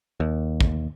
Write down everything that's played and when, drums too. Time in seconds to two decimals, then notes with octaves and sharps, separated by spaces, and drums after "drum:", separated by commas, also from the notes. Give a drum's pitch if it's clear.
0.20 D#2
0.60 drum: kick